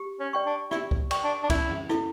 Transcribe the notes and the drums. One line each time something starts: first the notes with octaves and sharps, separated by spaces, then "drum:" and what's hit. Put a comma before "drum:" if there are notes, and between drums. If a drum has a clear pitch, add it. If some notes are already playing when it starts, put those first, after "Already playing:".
Already playing: G4
C#4
D5 G5 C#6
D4
E4 G4, drum: rim click
drum: kick C#2
D5 G5 C#6, drum: cymbal
D4
D4
C#4 E4, drum: kick C#2, cymbal
drum: tom
E4 A4, drum: rim click